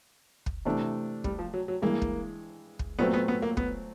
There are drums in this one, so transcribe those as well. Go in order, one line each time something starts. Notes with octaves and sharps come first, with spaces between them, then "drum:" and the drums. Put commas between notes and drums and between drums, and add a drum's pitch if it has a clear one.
drum: kick
C3 E3 A3 D4
G3, drum: kick
F3
F#3
F#3
G2 E3 G#3 A#3
drum: kick
drum: kick
A#2 F#3 A3 B3 C4
B3
B3
A#3
B3, drum: kick